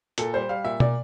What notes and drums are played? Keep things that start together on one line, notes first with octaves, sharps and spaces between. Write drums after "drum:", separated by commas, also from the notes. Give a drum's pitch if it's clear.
A#2 A4, drum: hi-hat
G3 C5
G3 F5
A#2 E5
A#2 D5, drum: tom B2